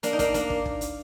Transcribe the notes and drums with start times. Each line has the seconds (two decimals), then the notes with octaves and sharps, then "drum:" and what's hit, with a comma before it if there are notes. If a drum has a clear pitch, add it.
0.03 A#3 D4, drum: hi-hat
0.13 D#4
0.19 A#3 D4, drum: kick, hi-hat
0.34 A#3 D4, drum: hi-hat
0.50 drum: kick
0.66 drum: kick
0.81 drum: hi-hat